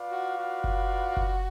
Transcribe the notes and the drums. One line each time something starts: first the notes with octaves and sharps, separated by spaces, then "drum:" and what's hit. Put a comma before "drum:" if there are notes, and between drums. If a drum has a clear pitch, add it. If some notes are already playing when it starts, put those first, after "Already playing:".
Already playing: F4 B4 D5 F5
F#4
F#4
drum: kick F#1
drum: kick F#1